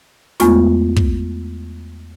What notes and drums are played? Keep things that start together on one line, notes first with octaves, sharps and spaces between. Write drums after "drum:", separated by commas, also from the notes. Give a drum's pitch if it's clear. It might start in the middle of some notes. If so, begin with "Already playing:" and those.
E2 G#3 A3 B3 F4 C#6, drum: snare
drum: kick